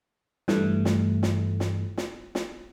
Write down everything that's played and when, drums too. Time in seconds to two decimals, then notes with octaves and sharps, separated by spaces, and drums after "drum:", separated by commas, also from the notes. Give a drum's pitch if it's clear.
0.48 G2 E3 G3 A3, drum: snare
0.85 drum: snare
1.23 drum: snare
1.60 drum: snare
1.98 drum: snare
2.35 drum: snare